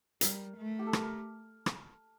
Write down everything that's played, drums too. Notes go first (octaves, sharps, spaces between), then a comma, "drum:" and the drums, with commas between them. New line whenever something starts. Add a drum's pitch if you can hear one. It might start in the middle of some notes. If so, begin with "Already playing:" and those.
G3 A#4, drum: hi-hat
A3
G4
A4
A#4, drum: rim click
drum: rim click